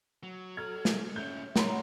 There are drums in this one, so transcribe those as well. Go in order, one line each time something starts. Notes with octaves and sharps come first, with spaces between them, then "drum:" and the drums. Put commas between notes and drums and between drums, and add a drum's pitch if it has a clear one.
F#3
A4 F6 G#6
drum: snare
G#2 C#4 E5 G6
A#2 A3 C#5 F#5 A#5 C6, drum: snare